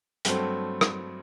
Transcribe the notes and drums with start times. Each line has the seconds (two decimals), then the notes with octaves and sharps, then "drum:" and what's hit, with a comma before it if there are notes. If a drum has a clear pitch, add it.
0.25 G2 F#3 A3 C4, drum: hi-hat
0.81 drum: rim click